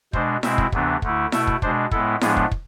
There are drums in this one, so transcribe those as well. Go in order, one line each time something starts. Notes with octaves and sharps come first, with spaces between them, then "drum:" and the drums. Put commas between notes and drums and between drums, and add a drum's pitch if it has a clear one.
B2 G#3 D4 C5, drum: kick
B2 G#3 C4 E4 E5, drum: snare E4
drum: kick
D2 C3 E3 B3 D4, drum: kick
D2 D3 A3 E4, drum: kick
B2 A3 E4 E5, drum: snare E4
drum: kick
B2 G#3 D4 C5, drum: kick
A2 G#3 B3 E4 A4, drum: kick
A2 F3 G#3 B3 D4 G#4, drum: snare E4
drum: kick
drum: kick